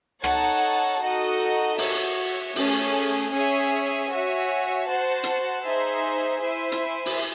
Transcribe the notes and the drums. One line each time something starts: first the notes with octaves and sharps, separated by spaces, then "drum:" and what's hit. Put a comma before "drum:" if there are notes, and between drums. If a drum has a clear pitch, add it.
D#4 A4 C#5 F#5 A5, drum: rim click
D#4 F#4 A4 D#5 F#5
F#4 C#5 E5, drum: open hi-hat
A3 C#4 G#4, drum: open hi-hat
C#4 G#4 C#5 E5 G#5
F#4 C#5 E5 G#5
F#4 C5 F#5 A5
drum: hi-hat
D#4 G#4 C5 E5
E4 C5 E5 G#5
drum: hi-hat
drum: open hi-hat